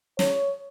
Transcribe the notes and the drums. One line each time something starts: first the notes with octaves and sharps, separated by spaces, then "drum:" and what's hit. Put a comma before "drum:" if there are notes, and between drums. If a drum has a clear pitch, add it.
C#5, drum: snare